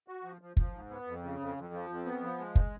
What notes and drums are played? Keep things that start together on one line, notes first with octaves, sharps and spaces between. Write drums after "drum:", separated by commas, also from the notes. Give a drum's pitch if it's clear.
F#4
F3
F3
F3, drum: kick
G#2
B3
F2
C#3
F2
F2
F3
F2
B3
F3
G#3
drum: kick